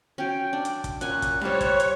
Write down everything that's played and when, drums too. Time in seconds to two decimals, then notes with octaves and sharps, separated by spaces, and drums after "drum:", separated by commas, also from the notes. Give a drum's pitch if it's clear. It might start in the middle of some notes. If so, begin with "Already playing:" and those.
0.18 F#3 C#4 G5
0.53 D4
0.65 drum: hi-hat
0.84 drum: kick, hi-hat
1.01 A#2 C#4 F#5 G#5 F#6, drum: hi-hat
1.22 drum: kick, hi-hat
1.41 G3 C5 C#5 F5, drum: snare D4
1.61 drum: kick, hi-hat
1.80 drum: hi-hat